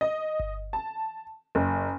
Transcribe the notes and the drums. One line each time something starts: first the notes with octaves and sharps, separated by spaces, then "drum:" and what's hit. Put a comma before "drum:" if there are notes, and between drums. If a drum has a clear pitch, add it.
D#5
drum: kick G1
A5
F#1